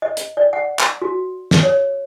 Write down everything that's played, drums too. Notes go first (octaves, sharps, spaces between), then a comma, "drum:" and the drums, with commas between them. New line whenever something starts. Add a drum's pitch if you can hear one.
D#5
drum: hi-hat
D5
F#5
drum: clap
F#4
drum: snare
C#5